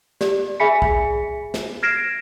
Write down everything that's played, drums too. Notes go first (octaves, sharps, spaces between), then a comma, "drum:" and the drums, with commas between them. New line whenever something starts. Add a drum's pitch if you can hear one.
G4 D5, drum: snare
G#4 E5 G#5 B5 B6 C#7
drum: kick
drum: snare
F6 G#6 A#6 C7 D7 E7